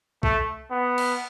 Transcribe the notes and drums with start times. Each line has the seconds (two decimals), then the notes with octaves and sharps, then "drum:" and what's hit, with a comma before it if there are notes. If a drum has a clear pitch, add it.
0.23 A3, drum: kick B1
0.71 B3
0.98 drum: cymbal